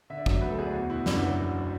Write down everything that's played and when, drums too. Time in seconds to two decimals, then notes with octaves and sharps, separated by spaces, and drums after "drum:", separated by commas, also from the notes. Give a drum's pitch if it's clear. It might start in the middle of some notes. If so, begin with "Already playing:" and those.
0.10 D3 E5
0.18 D5
0.26 F#3 E5, drum: kick
0.34 D5
0.41 D2 B4
0.50 A4
0.59 D2 G#4
0.66 D5
0.73 E2 F#4
0.90 B2 E4
1.06 F#1 D4, drum: snare
1.15 E4
1.22 F#3 F#4